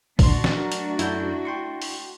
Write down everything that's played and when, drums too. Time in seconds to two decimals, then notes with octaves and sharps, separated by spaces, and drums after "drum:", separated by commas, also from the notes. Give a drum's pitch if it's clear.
0.19 A#2 D3 A3 D4 F#4 C6, drum: kick, open hi-hat
0.44 drum: snare
0.57 F#3 A#4 A#5
0.72 drum: hi-hat
0.99 F#2 E4 A4 G6, drum: hi-hat
1.45 G5 C6 C#6
1.82 drum: open hi-hat